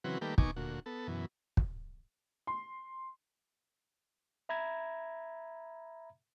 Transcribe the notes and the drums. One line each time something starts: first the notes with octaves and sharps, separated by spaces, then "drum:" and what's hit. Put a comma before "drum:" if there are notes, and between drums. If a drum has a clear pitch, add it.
C#3 E3 F#3 C4 F#4 B4
D#3 G3 A3 A#3 G4 B4
D#2 B2 D#4 G#5 C#6 D6, drum: kick
D2 A#2 F#4
B3 A4
F#2 B2 E3
drum: kick
C6
E5 A#5 B5 G#6